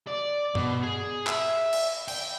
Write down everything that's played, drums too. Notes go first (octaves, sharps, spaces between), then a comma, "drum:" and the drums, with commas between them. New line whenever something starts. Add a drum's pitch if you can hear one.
D5
B2, drum: tom G2
G#4
E5, drum: clap
drum: cymbal
G5, drum: cymbal